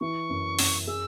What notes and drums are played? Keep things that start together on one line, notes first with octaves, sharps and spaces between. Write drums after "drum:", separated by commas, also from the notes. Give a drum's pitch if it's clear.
E3 C#6
F#2
F#2, drum: open hi-hat
G#4 E6